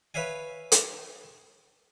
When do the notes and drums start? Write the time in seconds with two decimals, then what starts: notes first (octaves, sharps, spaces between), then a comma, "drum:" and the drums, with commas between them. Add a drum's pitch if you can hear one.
0.14 B4 C#5 E5 F5 G#5
0.72 drum: hi-hat